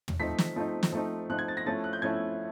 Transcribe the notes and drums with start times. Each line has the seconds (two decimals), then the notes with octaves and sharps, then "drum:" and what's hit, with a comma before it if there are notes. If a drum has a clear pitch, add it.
0.08 drum: tom
0.20 F3 A3 C4 D#4 B6
0.38 drum: snare
0.56 F3 A3 C4 D#4
0.83 drum: snare
0.92 F3 A3 C4 D#4
1.30 F3 A3 C4 D#4 F#6
1.39 G#6
1.48 A6
1.57 A#6
1.66 F3 A3 C#4 E4 A6
1.84 F#6
1.93 G6
2.02 F3 A3 C#4 E4 G#6